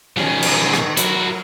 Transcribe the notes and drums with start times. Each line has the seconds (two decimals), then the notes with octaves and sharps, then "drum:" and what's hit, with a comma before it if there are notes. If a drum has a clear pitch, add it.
0.17 B2 D#3 F3 G3 C#4 G#4
0.43 drum: cymbal
0.74 drum: rim click
0.97 F#3 E4 F#4 A#4, drum: hi-hat